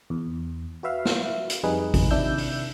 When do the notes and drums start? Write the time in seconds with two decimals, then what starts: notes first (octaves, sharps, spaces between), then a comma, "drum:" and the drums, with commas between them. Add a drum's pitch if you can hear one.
0.10 E2
0.83 F#4 B4 E5 F5
1.05 drum: snare
1.50 drum: hi-hat
1.64 F2 G3 D#4 G#4 B4
1.94 drum: kick G#1, open hi-hat
2.11 C3 D#3 D4 E4 E6 G6
2.38 drum: open hi-hat